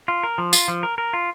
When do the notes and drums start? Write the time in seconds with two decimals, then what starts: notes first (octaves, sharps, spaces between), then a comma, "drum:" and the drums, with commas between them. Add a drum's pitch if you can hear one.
0.08 F4
0.23 A#4
0.38 F3
0.53 F4, drum: tambourine
0.68 F3
0.83 A#4
0.98 A#4
1.13 F4